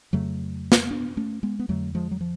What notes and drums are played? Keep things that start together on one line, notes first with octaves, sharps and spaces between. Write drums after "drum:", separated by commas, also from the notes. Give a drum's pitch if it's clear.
F2 C#3 F#3 A3
drum: snare
B3 D4
A3 C#4
G#3 B3
B3
F2 D3 F#3 A3
F3 G#3
F#3
F3